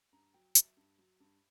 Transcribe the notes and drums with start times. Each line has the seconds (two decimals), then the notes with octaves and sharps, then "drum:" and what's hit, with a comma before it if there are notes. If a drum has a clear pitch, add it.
0.13 G2 A#5
0.34 F#3 G5
0.55 F#3 E5, drum: hi-hat
0.77 G2
0.98 F#3
1.20 G2